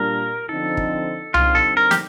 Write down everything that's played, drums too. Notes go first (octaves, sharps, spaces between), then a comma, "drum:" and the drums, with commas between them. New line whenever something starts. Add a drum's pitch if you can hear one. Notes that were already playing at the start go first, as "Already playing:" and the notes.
Already playing: A#2 G3 D4 A#4
D3 F3 C4 D#4 A4
drum: kick
D3 G3 C4 D#4 F4, drum: tom C2
A4
A#4
G4, drum: snare